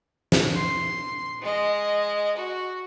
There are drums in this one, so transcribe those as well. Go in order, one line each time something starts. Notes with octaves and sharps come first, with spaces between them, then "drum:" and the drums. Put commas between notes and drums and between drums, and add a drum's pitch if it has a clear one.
drum: snare
C6
G#3 D#5
F#4